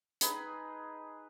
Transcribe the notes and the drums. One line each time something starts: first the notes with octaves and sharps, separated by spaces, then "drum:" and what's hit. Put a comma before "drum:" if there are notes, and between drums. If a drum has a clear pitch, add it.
D#4 G#4 B4 B5, drum: hi-hat